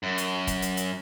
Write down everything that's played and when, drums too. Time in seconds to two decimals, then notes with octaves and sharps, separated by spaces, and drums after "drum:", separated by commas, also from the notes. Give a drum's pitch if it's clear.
0.03 F#2
0.18 drum: hi-hat
0.47 drum: kick, hi-hat
0.62 drum: hi-hat
0.77 drum: hi-hat